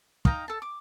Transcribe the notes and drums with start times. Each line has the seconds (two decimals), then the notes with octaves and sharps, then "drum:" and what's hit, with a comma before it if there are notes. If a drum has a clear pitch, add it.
0.25 D#4 F5 G5 A#5, drum: kick
0.48 A4 A5
0.62 D6